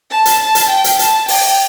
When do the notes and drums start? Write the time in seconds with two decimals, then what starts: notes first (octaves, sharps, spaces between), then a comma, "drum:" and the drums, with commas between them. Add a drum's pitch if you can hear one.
0.11 A5
0.25 drum: hi-hat
0.40 A5
0.55 drum: hi-hat
0.70 G5
0.84 drum: hi-hat
0.99 A5, drum: hi-hat
1.28 G5, drum: open hi-hat